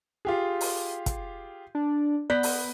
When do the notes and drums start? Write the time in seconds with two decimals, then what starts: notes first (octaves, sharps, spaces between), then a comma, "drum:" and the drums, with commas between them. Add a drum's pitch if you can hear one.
0.25 F4 G4 G#4
0.61 drum: open hi-hat
1.06 drum: kick, hi-hat
1.75 D4
2.30 B3 D5 F#6 G6 B6
2.43 drum: open hi-hat